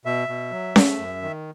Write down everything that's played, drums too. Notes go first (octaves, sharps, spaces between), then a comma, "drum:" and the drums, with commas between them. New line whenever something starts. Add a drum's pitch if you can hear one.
B2 E5
B2
F#3
A3, drum: snare C#4
F#2
D#3